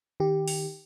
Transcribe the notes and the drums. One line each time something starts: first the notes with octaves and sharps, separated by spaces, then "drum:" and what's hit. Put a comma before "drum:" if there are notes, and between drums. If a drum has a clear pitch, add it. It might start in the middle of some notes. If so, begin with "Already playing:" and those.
D#3 G4
drum: open hi-hat